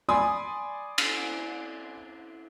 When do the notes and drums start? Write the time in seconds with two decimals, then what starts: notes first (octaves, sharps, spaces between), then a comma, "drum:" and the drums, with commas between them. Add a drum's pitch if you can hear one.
0.09 D5 G#5 B5 C6 D#6
0.98 drum: cymbal